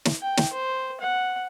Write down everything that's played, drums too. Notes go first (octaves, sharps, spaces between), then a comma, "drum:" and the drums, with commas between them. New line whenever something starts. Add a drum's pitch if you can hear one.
drum: snare
G5
drum: snare
C5
F#5